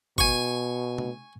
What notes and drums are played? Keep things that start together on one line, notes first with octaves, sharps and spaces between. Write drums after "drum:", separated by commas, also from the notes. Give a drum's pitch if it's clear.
B2 G#5 C#6, drum: kick G1
drum: tom